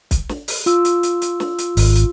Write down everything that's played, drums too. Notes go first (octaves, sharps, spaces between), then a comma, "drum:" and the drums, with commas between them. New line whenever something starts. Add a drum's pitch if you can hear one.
drum: kick, hi-hat
drum: snare
drum: open hi-hat
F4 E6, drum: hi-hat
drum: hi-hat
drum: hi-hat
drum: hi-hat
drum: snare
drum: hi-hat
G#1, drum: open hi-hat
drum: hi-hat